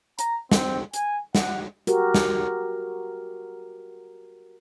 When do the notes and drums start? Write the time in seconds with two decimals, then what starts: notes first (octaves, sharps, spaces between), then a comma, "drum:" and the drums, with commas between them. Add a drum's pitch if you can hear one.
0.19 A#5, drum: hi-hat
0.52 C4, drum: snare
0.93 G#5, drum: hi-hat
1.35 F#5, drum: snare
1.87 F#4 G4 A#4, drum: hi-hat
2.14 drum: snare